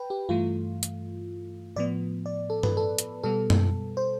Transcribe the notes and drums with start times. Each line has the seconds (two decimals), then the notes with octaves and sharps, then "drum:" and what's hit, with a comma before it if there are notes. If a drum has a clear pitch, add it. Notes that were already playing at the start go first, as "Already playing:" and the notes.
Already playing: B4 G5
0.10 G4
0.29 G2 E3 A3 F4
0.83 drum: hi-hat
1.76 A2 F3 B3 D5
2.26 D5
2.50 A4
2.63 B4, drum: tom G2
2.77 A4
2.98 drum: hi-hat
3.23 B2 G3 B3 A4
3.50 drum: tom F#2
3.97 C5